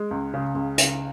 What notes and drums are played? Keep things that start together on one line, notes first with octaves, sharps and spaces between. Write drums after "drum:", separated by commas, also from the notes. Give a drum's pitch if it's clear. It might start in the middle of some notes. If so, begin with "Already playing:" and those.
Already playing: G#3
C#2
C#3
C#2
C#3, drum: hi-hat